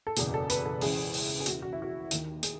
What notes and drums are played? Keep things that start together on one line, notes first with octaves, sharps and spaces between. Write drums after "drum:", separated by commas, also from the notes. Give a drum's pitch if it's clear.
A4
F#1 E2 B2 G#4, drum: hi-hat
A4
B4, drum: hi-hat
A4
C#2 C#3 E3 G#4, drum: open hi-hat
drum: open hi-hat
G#4
E2 C#3 E3 F#4, drum: hi-hat
F#4
E4
F#4
D#2 D#3, drum: hi-hat
G#4, drum: hi-hat